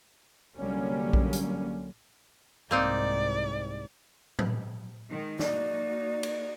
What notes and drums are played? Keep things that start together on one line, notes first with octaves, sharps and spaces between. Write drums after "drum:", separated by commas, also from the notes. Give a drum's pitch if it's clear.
C2 D3 F#3 G3 A#3 C#4
drum: kick A#1
drum: hi-hat
C2 G#2 A#3 C4 D#4 D5
drum: tom G#2
D#3 G#3
A#3 D#4 F#4 D5, drum: snare
drum: cymbal